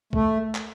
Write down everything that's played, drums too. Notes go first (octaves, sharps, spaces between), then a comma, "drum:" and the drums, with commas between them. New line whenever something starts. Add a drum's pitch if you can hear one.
A3, drum: kick C2
drum: clap